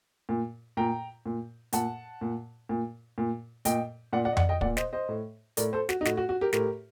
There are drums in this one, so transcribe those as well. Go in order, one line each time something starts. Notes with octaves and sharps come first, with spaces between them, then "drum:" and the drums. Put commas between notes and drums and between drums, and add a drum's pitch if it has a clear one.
A#2
A#2 G5 A#5
A#2
A#2 F#5 A5, drum: hi-hat
A#2
A#2
A#2
A#2 D#5 G5, drum: hi-hat
A#2 D5 F#5
D5 F#5
D#5
D5 F#5, drum: tom F2
D#5 G5
A#2 D5 F#5, drum: kick
C5 D#5, drum: snare
C5 D#5
A2
A2 A#4 D5, drum: hi-hat
A4 C5
F#4, drum: snare
D#4
A2 F#4, drum: snare
F#4
F#4
G4 A#4
A2 G4 A#4, drum: snare